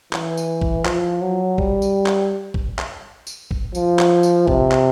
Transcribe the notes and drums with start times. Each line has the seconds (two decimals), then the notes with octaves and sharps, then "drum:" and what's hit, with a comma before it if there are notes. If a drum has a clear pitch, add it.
0.13 E3, drum: clap
0.37 drum: tambourine
0.62 drum: kick
0.85 F3, drum: clap
1.22 F#3
1.58 G3, drum: kick
1.82 drum: tambourine
2.06 drum: clap
2.54 drum: kick
2.78 drum: clap
3.27 drum: tambourine
3.51 drum: kick
3.75 F3, drum: tambourine
3.99 drum: clap
4.23 drum: tambourine
4.48 C3, drum: kick
4.71 drum: clap